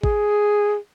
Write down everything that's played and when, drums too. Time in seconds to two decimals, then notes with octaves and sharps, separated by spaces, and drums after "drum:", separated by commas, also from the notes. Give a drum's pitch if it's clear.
0.04 G#4, drum: kick G#1